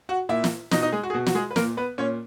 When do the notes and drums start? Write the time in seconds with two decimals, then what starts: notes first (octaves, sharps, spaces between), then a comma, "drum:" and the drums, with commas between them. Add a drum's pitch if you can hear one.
0.09 F#4 F#5
0.29 A#2 E4 E5
0.44 drum: snare
0.71 B2 D#4 D#5, drum: snare
0.82 D#4 D#5
0.92 G#3 G#4
1.03 F#4
1.10 G#4
1.14 B2 F#4
1.26 F#4, drum: snare
1.35 G#3 G#4
1.51 B4
1.56 A#2 A#3 A#4, drum: snare
1.77 B3 B4
1.98 A#2 C#4 C#5